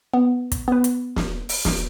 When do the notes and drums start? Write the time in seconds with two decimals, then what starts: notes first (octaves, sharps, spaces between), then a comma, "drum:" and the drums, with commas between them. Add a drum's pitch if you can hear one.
0.14 B3
0.52 drum: kick, hi-hat
0.68 B3 B4
0.84 drum: hi-hat
1.16 drum: snare
1.49 drum: open hi-hat
1.65 drum: snare